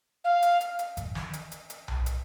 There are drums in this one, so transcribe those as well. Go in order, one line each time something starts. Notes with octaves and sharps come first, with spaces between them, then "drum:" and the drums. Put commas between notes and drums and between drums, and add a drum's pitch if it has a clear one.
F5
drum: hi-hat
drum: hi-hat
drum: hi-hat
drum: kick G1, hi-hat
drum: snare
drum: hi-hat
drum: hi-hat
drum: hi-hat
drum: tom B1
drum: hi-hat